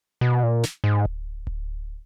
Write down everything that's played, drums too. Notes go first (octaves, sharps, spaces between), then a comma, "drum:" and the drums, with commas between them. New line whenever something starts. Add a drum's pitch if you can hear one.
B2
A#2
drum: snare
G#2
drum: kick D1
drum: kick D1